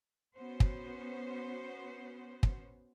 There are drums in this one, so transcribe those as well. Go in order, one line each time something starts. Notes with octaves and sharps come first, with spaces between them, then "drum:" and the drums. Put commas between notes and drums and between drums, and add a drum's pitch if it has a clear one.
B3 C#4 F#4 C5
drum: kick
drum: kick